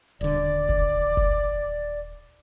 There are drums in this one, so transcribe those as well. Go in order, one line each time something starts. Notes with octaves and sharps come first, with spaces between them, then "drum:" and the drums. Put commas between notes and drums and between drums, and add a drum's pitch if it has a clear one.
D#1 D3 D5
drum: kick
drum: kick